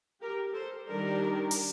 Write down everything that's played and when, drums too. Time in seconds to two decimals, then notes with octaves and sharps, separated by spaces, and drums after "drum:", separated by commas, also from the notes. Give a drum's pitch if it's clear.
0.21 G4 A#4
0.54 A4 C5
0.87 D#3 G3 D4 G4 A#4
1.51 drum: open hi-hat